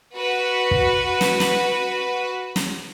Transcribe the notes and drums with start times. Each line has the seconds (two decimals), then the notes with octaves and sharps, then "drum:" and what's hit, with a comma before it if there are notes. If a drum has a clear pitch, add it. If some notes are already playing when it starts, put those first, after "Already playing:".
0.15 F#4 B4
0.71 drum: kick
1.21 drum: snare
1.40 drum: snare
2.56 drum: snare